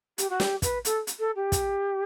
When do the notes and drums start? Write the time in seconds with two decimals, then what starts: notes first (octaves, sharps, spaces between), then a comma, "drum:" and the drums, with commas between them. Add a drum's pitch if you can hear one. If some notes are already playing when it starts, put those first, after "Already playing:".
0.18 G4, drum: hi-hat
0.29 F#4
0.40 G4, drum: snare
0.62 B4, drum: kick, hi-hat
0.85 A4, drum: hi-hat
1.07 drum: hi-hat
1.19 A4
1.35 G4
1.52 drum: kick, hi-hat